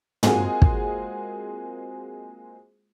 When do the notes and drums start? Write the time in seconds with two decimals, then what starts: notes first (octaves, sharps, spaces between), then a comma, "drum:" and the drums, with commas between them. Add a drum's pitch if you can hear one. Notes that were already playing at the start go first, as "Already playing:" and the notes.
0.23 G#3 A#3 C4 F4 F#4 G#4, drum: tom
0.62 drum: kick